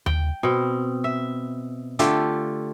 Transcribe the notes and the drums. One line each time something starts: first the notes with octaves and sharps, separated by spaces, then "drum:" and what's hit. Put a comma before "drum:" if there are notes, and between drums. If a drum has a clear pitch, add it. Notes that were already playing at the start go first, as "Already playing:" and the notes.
G5, drum: tom D#2
B2 C4
E5
D3 A3 F4 G4, drum: hi-hat